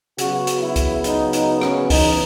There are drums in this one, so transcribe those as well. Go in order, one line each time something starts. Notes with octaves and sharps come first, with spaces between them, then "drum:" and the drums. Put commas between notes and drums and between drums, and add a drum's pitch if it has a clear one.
C#3 F#3 B3 F#4, drum: hi-hat
drum: hi-hat
E4
drum: kick C#2, hi-hat
D#4, drum: hi-hat
D#4, drum: hi-hat
C#4, drum: rim click
E2 C#3 E3 D#4, drum: kick C#2, open hi-hat